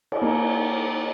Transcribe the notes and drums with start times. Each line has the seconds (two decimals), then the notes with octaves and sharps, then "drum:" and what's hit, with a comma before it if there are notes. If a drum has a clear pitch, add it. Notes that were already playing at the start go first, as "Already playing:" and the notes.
0.12 drum: cymbal
0.22 A#3